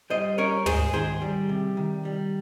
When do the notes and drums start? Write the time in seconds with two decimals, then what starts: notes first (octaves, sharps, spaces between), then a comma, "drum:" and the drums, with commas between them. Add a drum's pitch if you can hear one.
0.10 G3 C5 D#5
0.38 C#4 A#4 C#5
0.66 G#2 G#4 C5, drum: tom
0.93 D#3 G#4 C5
1.22 G3
1.49 C3
1.77 D#3
2.05 G3